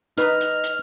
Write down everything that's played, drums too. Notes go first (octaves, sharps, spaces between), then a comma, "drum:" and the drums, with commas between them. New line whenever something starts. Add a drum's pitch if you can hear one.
D#4 B4 D#5 F6, drum: hi-hat
drum: hi-hat
drum: hi-hat